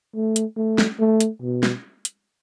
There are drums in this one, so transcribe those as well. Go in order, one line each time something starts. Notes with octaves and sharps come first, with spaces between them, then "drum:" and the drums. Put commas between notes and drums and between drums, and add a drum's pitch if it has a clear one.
A3
drum: hi-hat
A3
drum: snare
A3
drum: hi-hat
B2
drum: snare
drum: hi-hat